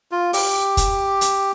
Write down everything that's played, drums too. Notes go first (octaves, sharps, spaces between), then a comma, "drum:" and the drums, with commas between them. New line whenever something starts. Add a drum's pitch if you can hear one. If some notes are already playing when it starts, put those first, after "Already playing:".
F4
G4, drum: open hi-hat
drum: kick, hi-hat
drum: hi-hat